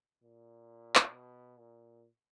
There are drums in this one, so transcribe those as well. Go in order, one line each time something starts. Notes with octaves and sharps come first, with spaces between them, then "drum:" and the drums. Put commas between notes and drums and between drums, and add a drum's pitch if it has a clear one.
A#2
drum: clap
B2
A#2